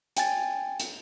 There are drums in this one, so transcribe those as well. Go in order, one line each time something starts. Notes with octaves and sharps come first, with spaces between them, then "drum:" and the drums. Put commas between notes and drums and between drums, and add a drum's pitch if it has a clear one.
G5 G#5 A6, drum: hi-hat
drum: hi-hat